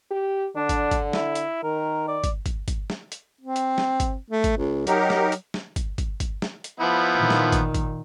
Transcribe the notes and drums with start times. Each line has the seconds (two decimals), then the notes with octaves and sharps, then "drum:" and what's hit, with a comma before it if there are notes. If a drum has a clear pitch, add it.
0.11 G4
0.56 D3 D4
0.69 drum: kick, hi-hat
0.91 drum: kick, hi-hat
1.13 E4, drum: snare
1.35 drum: hi-hat
1.63 D#3 A#4
2.08 D5
2.24 drum: kick, hi-hat
2.46 drum: kick, hi-hat
2.68 drum: kick, hi-hat
2.90 drum: snare
3.12 drum: hi-hat
3.41 C4
3.56 drum: hi-hat
3.78 drum: snare
4.00 drum: kick, hi-hat
4.30 A3
4.44 drum: kick, hi-hat
4.57 C#2
4.87 F#3 D#4 G4 A#4, drum: hi-hat
5.10 drum: snare
5.32 drum: hi-hat
5.54 drum: snare
5.76 drum: kick, hi-hat
5.98 drum: kick, hi-hat
6.20 drum: kick, hi-hat
6.42 drum: snare
6.64 drum: hi-hat
6.80 F3 B3 E4
7.16 A#2 D#3
7.30 drum: snare
7.52 drum: kick, hi-hat
7.74 drum: kick, hi-hat